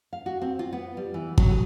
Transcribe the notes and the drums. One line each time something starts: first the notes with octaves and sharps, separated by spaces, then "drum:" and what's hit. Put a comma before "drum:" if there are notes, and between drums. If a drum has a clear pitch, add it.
F5
F#4
C4
F4
B3
G3
E3
F#3, drum: kick
G#4